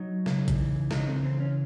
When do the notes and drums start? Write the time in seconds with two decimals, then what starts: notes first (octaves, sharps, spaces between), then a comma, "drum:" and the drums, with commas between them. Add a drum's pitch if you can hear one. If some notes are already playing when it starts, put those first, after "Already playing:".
Already playing: F#3 D#4
0.26 C#3, drum: snare
0.48 drum: kick A1, hi-hat
0.58 E3
0.91 C#3 D#4, drum: snare
1.07 C4
1.23 E3 C4
1.40 C#4